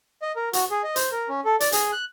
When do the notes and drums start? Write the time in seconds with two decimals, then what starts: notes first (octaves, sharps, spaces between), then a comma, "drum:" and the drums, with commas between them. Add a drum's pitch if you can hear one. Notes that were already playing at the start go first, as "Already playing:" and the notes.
0.22 D#5
0.36 A#4
0.53 F#4, drum: hi-hat
0.71 G#4
0.84 D#5
0.96 C5, drum: hi-hat
1.12 A#4
1.29 C#4
1.45 A4
1.60 D5, drum: hi-hat
1.72 G#4, drum: hi-hat
1.93 F#6